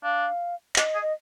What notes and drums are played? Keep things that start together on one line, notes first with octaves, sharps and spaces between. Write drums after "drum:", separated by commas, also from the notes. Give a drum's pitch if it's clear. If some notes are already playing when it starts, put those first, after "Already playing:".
D4 F5
D4 D#5, drum: clap
G#4
D#5